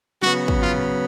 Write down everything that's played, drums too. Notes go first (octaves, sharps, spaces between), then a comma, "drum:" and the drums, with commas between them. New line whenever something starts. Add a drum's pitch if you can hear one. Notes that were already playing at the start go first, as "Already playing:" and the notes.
C#3 F#3 B3 F#4, drum: snare
drum: kick
F4
drum: tom